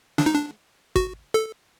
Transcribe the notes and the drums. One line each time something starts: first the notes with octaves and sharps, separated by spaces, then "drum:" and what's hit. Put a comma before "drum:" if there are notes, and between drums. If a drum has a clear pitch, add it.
D4, drum: snare
D#4
D4
F#4, drum: kick
A4